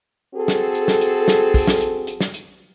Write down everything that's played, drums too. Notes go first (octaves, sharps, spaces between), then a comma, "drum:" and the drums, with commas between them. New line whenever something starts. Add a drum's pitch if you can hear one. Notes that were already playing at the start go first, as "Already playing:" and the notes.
C4 F#4 G#4 A4
drum: snare
drum: hi-hat
drum: snare
drum: hi-hat
drum: snare
drum: kick, open hi-hat
drum: snare
drum: hi-hat
drum: hi-hat
drum: snare
drum: hi-hat